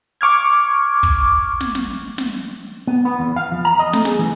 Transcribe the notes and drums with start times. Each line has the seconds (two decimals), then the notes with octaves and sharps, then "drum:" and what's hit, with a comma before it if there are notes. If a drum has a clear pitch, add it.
0.21 C#6 D6 F6 G#6
1.03 drum: kick
1.60 drum: snare
1.75 drum: snare
2.18 drum: snare
2.87 B3
3.05 B3
3.19 E2
3.36 F5
3.52 F3
3.65 A#5
3.79 D#5
3.93 A3, drum: snare
4.05 G#4, drum: snare
4.19 E3